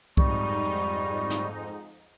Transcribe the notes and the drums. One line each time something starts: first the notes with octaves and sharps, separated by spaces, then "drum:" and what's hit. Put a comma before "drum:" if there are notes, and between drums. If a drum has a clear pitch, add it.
F2 G#2 G3 D#4 C#6, drum: kick C2
drum: snare